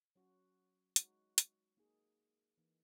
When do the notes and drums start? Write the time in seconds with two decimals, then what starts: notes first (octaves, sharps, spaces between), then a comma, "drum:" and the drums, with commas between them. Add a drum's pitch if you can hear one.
0.16 F#3 C#4 F#4
0.96 G#3 D#4 F#4 C#5, drum: hi-hat
1.38 drum: hi-hat
1.77 A#3 D#4 G#4
2.58 E3 A#3 D#4